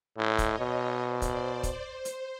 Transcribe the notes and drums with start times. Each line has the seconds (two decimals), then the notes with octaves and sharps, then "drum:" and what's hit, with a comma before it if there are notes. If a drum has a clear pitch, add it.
0.17 A2 C#5 D#5
0.38 drum: kick, hi-hat
0.59 B2
1.00 C5 D5
1.22 drum: kick, hi-hat
1.63 drum: kick, hi-hat
1.84 C5
2.05 drum: hi-hat